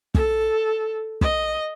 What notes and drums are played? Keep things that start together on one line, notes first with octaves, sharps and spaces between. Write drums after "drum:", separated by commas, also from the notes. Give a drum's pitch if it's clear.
A4, drum: kick
D#5, drum: kick